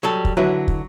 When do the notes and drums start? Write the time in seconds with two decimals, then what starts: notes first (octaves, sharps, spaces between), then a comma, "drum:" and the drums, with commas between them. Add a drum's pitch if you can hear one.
0.03 F#3 G3 A4
0.25 drum: kick
0.37 D3 F#3 E4 B4
0.68 drum: kick